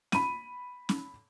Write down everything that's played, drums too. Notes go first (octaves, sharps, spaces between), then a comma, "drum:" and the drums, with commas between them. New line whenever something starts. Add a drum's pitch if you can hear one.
B5 D#7, drum: snare C#4
drum: snare C#4